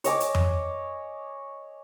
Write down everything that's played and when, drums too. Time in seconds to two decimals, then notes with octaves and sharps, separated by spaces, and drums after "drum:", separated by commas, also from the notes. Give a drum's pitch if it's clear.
0.04 C#5 D#5 G#5 D6, drum: hi-hat
0.20 drum: hi-hat
0.35 drum: tom F2